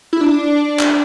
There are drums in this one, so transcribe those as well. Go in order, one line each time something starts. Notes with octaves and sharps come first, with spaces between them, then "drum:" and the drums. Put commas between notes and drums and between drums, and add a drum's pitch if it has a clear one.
E4
D4
drum: clap